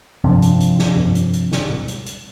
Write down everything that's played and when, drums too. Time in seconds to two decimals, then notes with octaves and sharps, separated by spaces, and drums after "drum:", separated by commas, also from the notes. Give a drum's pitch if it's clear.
0.24 C3 F3 C4 D4, drum: tom G2
0.42 drum: hi-hat
0.60 drum: hi-hat
0.79 drum: snare
0.97 drum: tom G2
1.15 drum: hi-hat
1.33 drum: hi-hat
1.52 drum: snare
1.70 drum: tom B2
1.88 drum: hi-hat
2.06 drum: hi-hat